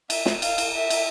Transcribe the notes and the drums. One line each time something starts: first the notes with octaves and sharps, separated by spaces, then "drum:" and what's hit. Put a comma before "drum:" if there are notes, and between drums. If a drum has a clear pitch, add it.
E5, drum: cymbal
drum: snare
F5, drum: cymbal
drum: cymbal
E5
drum: cymbal